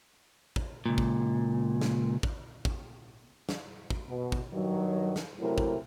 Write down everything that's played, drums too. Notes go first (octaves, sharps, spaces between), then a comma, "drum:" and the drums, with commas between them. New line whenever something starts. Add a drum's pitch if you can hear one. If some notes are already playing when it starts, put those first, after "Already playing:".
drum: kick
C#2 A#2
drum: kick
drum: snare
drum: kick
drum: kick
drum: snare
drum: kick
B2
drum: kick
G2 D#3 F#3
drum: snare
C3 F#3 A3 E4 A#4
drum: kick